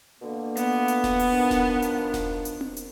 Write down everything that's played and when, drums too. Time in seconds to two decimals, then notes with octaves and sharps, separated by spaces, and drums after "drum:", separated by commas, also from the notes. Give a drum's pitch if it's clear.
0.21 B2 D3 A#3
0.57 B3, drum: hi-hat
0.88 drum: hi-hat
1.04 drum: snare E1
1.19 drum: open hi-hat
1.32 D#3 F3 D4
1.51 drum: snare E1
1.82 drum: hi-hat
2.14 drum: snare E1
2.45 drum: hi-hat
2.61 drum: tom C4
2.77 drum: hi-hat